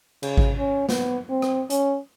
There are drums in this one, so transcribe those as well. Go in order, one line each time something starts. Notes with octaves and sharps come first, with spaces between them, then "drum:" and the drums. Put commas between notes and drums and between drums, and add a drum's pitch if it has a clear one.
C#3, drum: cymbal
drum: kick G#1
C#4
B3, drum: snare
C4
drum: rim click
C#4, drum: hi-hat